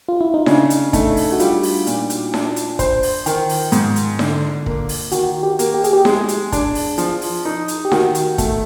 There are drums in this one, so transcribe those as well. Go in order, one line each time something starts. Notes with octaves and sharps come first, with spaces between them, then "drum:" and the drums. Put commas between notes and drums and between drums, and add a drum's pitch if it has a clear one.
F4
E4
D#4
C#3 D4, drum: snare D#4
drum: hi-hat
A3 D#4, drum: kick, hi-hat
drum: open hi-hat
F#4
G3 F4, drum: hi-hat
drum: open hi-hat
A#2, drum: hi-hat
drum: hi-hat
D4, drum: snare D#4
drum: hi-hat
C5, drum: kick, hi-hat
drum: open hi-hat
D#3, drum: hi-hat
drum: open hi-hat
G#2, drum: hi-hat
drum: hi-hat
D3, drum: snare D#4
A#3, drum: kick
drum: open hi-hat
D#3 F#4, drum: hi-hat
G4
A#3, drum: hi-hat
G4
G#4, drum: hi-hat
G4
G#3 G#4, drum: snare D#4
drum: hi-hat
D4, drum: kick, hi-hat
drum: open hi-hat
F3, drum: hi-hat
drum: open hi-hat
D#4
drum: hi-hat
G4
D#3 F#4, drum: snare D#4
drum: hi-hat
A3, drum: kick, hi-hat